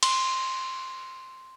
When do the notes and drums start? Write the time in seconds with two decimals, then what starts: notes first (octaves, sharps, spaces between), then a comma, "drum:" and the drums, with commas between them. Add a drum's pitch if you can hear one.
0.03 C6, drum: cymbal